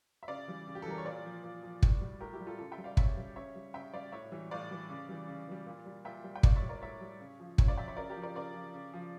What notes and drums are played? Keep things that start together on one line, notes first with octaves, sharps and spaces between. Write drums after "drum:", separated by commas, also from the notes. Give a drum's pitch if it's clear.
E5
C#3 D5 F5
E3 G3
C#3
G4
A4
E3 G3 A#4
C#5
A#2 A#4 D5
F3
A#2
F3
A2, drum: kick
G3
A2 G4 A#4
E4 G4
G3
F4 A4
C#3 F4 A4
E5 G5
G3
D5 F5
C#3 C#5 E5, drum: kick
G3
C#3 C#5 E5
G3
C#3 E5 G5
G3 D5 F5
A2 C#5 E5
E3 G3
A2 D5 F5
E3 G3
C#3
E3 G3
C#3
E3 G3
A#2
G3
A#2 E5 G5
G3
G5
A2 D5 F5, drum: kick
C#5 E5
G3
A#4 D5
A2 C#5 E5
G3
C#3
F3
C#3 C#5 E5, drum: kick
D5 F5
F3 E5 G5
C#5 E5
C#3 A#4 D5
G4 A#4
F3
A#4 D5
C#3 A#4 D5
F3
C#3
F3